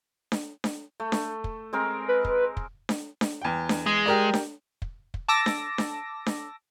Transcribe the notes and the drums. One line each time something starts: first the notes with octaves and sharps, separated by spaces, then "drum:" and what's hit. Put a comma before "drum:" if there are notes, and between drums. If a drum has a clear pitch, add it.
drum: snare D4
drum: snare D4
A3
drum: snare D4
drum: kick
G#3 C4 A#4
B4
drum: kick
drum: kick
drum: snare D4
drum: snare D4
E2 G5
drum: snare D4
G#3
G4 A#4 D5
drum: snare D4
drum: kick
drum: kick
A5 D6 E6 A#6
drum: snare D4
drum: snare D4
drum: snare D4